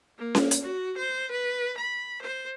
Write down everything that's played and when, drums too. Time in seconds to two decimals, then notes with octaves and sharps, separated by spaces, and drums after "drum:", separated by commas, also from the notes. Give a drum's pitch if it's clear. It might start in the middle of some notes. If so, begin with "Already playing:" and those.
0.18 A#3
0.35 drum: snare C#4
0.51 drum: hi-hat
0.62 F#4
0.97 C5
1.31 B4
1.77 B5
2.22 C5